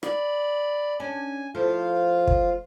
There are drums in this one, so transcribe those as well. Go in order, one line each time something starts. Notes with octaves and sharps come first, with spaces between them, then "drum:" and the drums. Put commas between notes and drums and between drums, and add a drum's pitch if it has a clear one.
D5 B5, drum: rim click
C#4 D4 G#5
F3 A3 E4 F4 F5
drum: kick